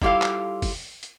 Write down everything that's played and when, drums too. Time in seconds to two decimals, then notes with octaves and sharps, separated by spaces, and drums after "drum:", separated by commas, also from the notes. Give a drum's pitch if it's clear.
0.02 G3 E4 F4 G4 A4 F5, drum: kick
0.22 drum: clap
0.62 drum: kick, open hi-hat
1.03 drum: hi-hat